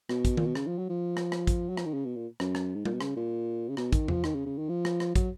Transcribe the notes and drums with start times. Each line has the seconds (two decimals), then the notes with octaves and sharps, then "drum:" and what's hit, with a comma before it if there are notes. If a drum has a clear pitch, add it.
0.09 B2, drum: rim click
0.25 drum: kick, hi-hat
0.37 A#2, drum: tom D#3
0.46 B2
0.55 C#3, drum: rim click
0.67 F3
0.78 F#3
0.90 F3
1.17 drum: rim click
1.32 drum: rim click
1.47 drum: kick, hi-hat
1.69 F#3
1.77 F3, drum: rim click
1.85 D#3
1.94 C#3
2.05 B2
2.17 A#2
2.40 F#2, drum: rim click
2.55 drum: rim click
2.75 G#2
2.85 A#2, drum: tom G3
2.94 B2
3.01 C#3, drum: rim click
3.17 A#2
3.69 C#3
3.77 B2, drum: rim click
3.93 D#3, drum: kick, hi-hat
4.08 F3, drum: tom E2
4.24 D#3, drum: rim click
4.35 C#3
4.46 C#3
4.58 D#3
4.69 F3
4.85 drum: rim click
5.00 drum: rim click
5.16 F#3, drum: kick, hi-hat